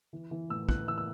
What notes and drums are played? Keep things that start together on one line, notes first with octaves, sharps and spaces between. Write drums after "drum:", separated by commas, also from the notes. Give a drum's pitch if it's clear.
E3
E3
A2 E6
A2 F#6, drum: kick
E3 E6
E6